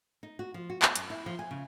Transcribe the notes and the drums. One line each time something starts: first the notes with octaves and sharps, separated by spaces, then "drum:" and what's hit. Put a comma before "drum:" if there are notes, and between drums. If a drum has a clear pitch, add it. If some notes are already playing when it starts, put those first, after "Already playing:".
D#4
F#4
F3
F#4
B3, drum: clap
F#2, drum: hi-hat
E4
F3
G#5
C#3